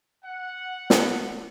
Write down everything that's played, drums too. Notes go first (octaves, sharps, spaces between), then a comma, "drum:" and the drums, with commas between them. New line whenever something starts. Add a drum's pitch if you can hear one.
F#5
drum: snare